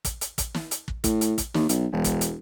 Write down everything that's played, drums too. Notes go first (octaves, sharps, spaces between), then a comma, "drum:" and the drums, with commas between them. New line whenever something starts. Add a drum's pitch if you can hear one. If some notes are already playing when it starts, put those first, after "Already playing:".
drum: kick, hi-hat
drum: hi-hat
drum: kick, hi-hat
drum: snare
drum: hi-hat
drum: kick
A2, drum: kick, hi-hat
drum: hi-hat
drum: kick, hi-hat
D#2, drum: snare
B1, drum: hi-hat
E1
drum: kick, hi-hat
drum: hi-hat